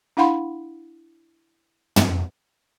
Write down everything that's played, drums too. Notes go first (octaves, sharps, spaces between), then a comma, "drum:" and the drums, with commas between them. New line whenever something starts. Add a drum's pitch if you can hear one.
D4 E4 F5 F#5 B5 C6
drum: tom